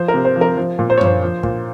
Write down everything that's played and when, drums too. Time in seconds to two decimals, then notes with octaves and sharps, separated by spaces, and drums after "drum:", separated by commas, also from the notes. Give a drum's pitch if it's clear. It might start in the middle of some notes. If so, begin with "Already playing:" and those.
Already playing: F3 C5
0.08 A#4
0.14 C3
0.25 C5
0.36 F3
0.41 A#4
0.57 F3
0.79 A#2
0.90 C5
0.98 C#5
1.01 F3 C5, drum: tom F#2
1.22 F3
1.43 A#2, drum: kick